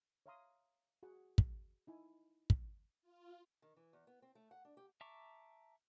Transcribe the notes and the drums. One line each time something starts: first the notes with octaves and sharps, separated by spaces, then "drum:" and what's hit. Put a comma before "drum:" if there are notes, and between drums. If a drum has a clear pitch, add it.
C#5 E5 F5 A#5 C6 D#6
F#4 G#4 F#5
drum: kick
D#4 E4 G#5
drum: kick
F4
D#3
E3
E2
B3
C4
A3
F#5
D4
G4
E5 A5 A#5 C#6 D6